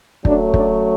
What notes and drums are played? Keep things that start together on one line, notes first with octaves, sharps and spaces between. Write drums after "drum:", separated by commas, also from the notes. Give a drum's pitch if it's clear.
F#2 F#3 A3 D4, drum: kick
D4, drum: kick